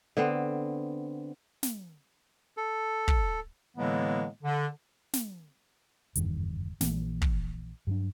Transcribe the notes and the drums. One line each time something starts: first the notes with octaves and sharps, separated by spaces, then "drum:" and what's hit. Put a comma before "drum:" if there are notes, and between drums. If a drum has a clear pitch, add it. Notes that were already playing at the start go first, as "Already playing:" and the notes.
D3 B3 C4
drum: snare
A4
drum: kick
A2 D3 E3 G#3 A#3 B3
D3
drum: snare
F#1 E2 G2 D#3, drum: hi-hat
A#1 E3 A#3, drum: snare
drum: kick
G2 F#3 D4